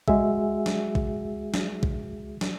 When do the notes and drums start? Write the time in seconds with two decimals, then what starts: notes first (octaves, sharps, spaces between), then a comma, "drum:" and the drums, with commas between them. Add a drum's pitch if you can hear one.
0.08 G#3 F#4 G#4 E5, drum: kick A#1
0.66 drum: snare
0.95 drum: kick A#1
1.54 drum: snare
1.83 drum: kick A#1
2.41 drum: snare